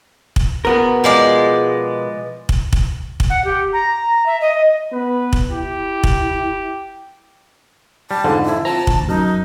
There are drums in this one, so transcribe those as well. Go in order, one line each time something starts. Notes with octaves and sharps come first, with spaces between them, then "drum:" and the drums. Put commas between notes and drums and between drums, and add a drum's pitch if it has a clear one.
drum: kick
B2 B3 A#4
F3 G#3 D5
drum: kick
drum: kick
drum: kick
F#5
G4
A#5
E5
D#5
B3 B4
drum: kick
E4 G4
drum: kick
G3 A5
F2 G#2 D3
E4
F3 C4 A5 A#5
A1 D2, drum: kick
F#2 D#4